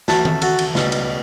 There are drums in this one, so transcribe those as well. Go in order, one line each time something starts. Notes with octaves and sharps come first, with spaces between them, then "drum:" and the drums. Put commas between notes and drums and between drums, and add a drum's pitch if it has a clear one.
F#2 E3 A3 F#4 A4, drum: snare
drum: tom D#3
F#4 A4, drum: cymbal
drum: cymbal
C#2 B2 G3, drum: snare
drum: cymbal